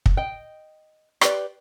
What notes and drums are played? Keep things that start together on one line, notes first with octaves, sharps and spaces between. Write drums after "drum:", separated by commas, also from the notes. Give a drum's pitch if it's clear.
drum: kick
D#5 G5
G4 B4 D5, drum: rim click